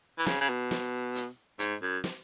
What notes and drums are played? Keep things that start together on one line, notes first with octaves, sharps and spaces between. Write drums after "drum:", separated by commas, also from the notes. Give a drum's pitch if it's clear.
E3
C#3, drum: snare
C#3
B2
drum: snare
drum: hi-hat
G#2, drum: hi-hat
F#2
drum: snare